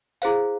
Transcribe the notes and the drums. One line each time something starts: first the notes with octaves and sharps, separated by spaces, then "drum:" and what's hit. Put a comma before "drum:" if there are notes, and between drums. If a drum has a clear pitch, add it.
E4 G#4 C5 F5, drum: tambourine